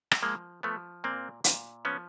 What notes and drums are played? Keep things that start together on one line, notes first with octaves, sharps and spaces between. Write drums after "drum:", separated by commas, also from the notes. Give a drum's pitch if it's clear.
drum: rim click
F3 G#3 A#3
F3 A3 B3
A#2 A#3 C4
A#2, drum: hi-hat
F3 B3 C#4